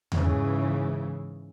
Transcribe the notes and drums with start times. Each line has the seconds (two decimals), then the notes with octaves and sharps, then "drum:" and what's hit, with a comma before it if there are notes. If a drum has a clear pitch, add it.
0.12 G#2 C#3 E3, drum: tom E2